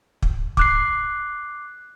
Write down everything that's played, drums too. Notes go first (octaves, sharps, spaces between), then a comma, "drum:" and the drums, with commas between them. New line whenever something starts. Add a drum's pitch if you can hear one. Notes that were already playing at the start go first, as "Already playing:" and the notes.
drum: kick
D6 F#6 C7, drum: kick